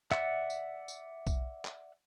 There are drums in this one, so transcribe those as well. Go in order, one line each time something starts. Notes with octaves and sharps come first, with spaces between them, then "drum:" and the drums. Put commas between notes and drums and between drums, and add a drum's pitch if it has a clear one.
D5 E5 F#5 E6, drum: clap
drum: tambourine
drum: tambourine
drum: kick B1, tambourine
drum: clap